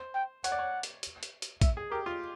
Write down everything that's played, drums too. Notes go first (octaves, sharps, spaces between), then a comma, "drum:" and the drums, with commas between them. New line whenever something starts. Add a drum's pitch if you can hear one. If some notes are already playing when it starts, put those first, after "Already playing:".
Already playing: C5
G5
C#5 F#5, drum: hi-hat
D5
C#5
drum: hi-hat
drum: hi-hat
drum: hi-hat
drum: hi-hat
E5, drum: kick A#1, hi-hat
G#4
G4 A#4
F4